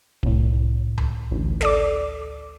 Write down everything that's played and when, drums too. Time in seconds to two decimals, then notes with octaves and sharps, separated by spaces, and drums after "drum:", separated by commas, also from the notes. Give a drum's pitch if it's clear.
0.23 C2 A2, drum: kick D1
0.98 drum: tom C#2
1.31 A1 D2
1.61 A4 D5 D6, drum: snare